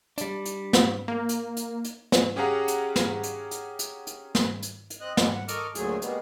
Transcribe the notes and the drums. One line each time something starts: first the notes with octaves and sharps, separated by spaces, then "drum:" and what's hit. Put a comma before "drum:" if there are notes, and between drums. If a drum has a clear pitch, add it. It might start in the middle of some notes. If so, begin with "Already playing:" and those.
G3 D4, drum: hi-hat
drum: hi-hat
drum: snare
A#3
drum: hi-hat
drum: hi-hat
drum: hi-hat
drum: snare
C#4 G4 G#4 F5 F#5 A#5
drum: hi-hat
drum: snare
drum: hi-hat
drum: hi-hat
drum: hi-hat
drum: hi-hat
drum: snare
drum: hi-hat
drum: hi-hat
C4 D#5 F#6
F3 G3 G#3, drum: snare
F#5
A4 A#4 D#5 C#6 D6 F6, drum: hi-hat
D2 A#2 F#3 A3 G#4, drum: hi-hat
B2 G3 G#3 A#3 B3, drum: hi-hat